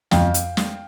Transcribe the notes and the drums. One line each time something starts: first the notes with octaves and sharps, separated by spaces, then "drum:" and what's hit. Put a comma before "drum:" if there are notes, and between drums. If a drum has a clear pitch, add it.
F2 F5 G5, drum: snare
drum: hi-hat
drum: snare